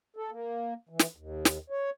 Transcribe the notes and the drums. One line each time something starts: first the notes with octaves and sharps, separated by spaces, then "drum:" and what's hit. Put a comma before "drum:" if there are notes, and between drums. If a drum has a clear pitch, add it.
A4
A#3
E3
drum: snare
D#2
drum: snare
C#5